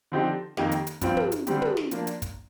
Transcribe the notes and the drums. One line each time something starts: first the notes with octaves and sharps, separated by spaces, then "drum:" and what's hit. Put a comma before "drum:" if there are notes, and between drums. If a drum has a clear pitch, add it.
D3 F3 C4 D#4 G4
F2 D#3 A#3 D#4 G4, drum: snare
drum: hi-hat
drum: hi-hat
G2 F3 C4 F4, drum: kick, hi-hat
drum: tom
drum: hi-hat
D3 G3 C4 G4, drum: hi-hat
drum: tom
drum: snare
F3 A#3 D4, drum: hi-hat
drum: hi-hat
drum: kick, hi-hat